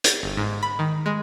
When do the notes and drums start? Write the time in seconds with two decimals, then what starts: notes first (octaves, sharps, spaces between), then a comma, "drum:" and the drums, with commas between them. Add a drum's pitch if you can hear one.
0.04 drum: hi-hat
0.23 G1
0.37 G#2
0.63 B5
0.79 D#3
1.06 G#3